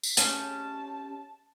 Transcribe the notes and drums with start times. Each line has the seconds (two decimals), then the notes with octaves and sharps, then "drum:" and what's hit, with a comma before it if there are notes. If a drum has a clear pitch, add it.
0.03 drum: tambourine
0.17 C#4 G4 G#4 A5, drum: hi-hat